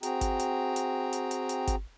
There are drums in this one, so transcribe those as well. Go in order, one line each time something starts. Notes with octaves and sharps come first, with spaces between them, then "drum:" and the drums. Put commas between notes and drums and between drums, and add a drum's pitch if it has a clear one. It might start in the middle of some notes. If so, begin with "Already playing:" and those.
C4 F#4 G#4 G5 A#5, drum: hi-hat
drum: kick G#1, hi-hat
drum: hi-hat
drum: hi-hat
drum: hi-hat
drum: hi-hat
drum: hi-hat
drum: kick G#1, hi-hat